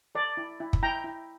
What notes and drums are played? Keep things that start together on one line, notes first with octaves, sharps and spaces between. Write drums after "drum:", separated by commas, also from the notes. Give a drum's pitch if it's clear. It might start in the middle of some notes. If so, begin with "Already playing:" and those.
A4 D5
E4
E4
drum: kick
E4 G5 A#5
E4